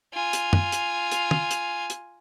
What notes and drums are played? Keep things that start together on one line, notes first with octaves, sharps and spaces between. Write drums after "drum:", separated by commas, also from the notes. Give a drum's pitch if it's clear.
F4 G#5
drum: hi-hat
drum: tom
drum: hi-hat
drum: hi-hat
drum: tom
drum: hi-hat
drum: hi-hat